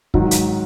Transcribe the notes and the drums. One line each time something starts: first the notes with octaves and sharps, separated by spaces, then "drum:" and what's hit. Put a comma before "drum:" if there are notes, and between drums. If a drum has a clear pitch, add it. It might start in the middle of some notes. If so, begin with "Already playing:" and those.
G#2 D#3 F#3, drum: kick
drum: hi-hat